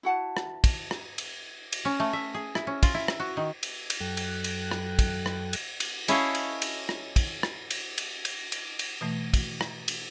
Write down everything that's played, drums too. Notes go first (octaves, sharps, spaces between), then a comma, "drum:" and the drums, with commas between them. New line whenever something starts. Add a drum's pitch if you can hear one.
E4 F#4 F#5 A5
drum: rim click
drum: kick, cymbal
drum: rim click
drum: cymbal
drum: cymbal
C#4
A3
E5
G#4
E4, drum: rim click
C#4
F4, drum: kick, cymbal
E4
drum: rim click
F#4
D#3
drum: cymbal
drum: cymbal
F#2 F#3 A4 G5 F#6
drum: cymbal
drum: cymbal
drum: rim click
drum: kick, cymbal
drum: rim click
drum: cymbal
drum: cymbal
C#4 E4 A4 C#5 D#5 F5, drum: cymbal
drum: cymbal
drum: cymbal
drum: rim click
drum: kick, cymbal
drum: rim click
drum: cymbal
drum: cymbal
drum: cymbal
drum: cymbal
drum: cymbal
B2 E3 A3
drum: kick, cymbal
drum: rim click
drum: cymbal